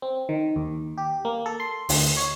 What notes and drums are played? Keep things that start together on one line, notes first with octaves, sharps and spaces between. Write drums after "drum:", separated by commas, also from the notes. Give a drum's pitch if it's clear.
C4
D#3
D#2
G4
A#3
A4
C6
D2, drum: open hi-hat
C#5